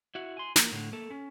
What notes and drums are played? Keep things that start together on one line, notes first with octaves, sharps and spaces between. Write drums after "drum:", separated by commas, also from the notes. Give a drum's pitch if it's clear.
E4 F#4
G#5 C6
A#3, drum: snare
A2 D3
A#3 A4
C#4